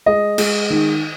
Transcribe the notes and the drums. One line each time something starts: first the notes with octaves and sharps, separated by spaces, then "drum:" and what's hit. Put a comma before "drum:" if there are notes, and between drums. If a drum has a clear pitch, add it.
G#3 D#5
G#3, drum: cymbal
D#3